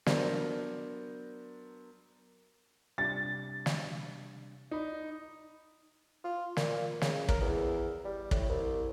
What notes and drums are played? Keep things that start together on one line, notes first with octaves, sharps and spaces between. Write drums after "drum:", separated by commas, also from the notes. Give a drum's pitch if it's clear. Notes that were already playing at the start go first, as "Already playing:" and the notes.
F#3 B3 D4 A#4 C5 D5, drum: snare
C3 G3 D4 A6
drum: snare
D#4 D5 B5
F4
A#2, drum: snare
C#3, drum: snare
A#4, drum: kick
E2
G3
A2, drum: kick
C2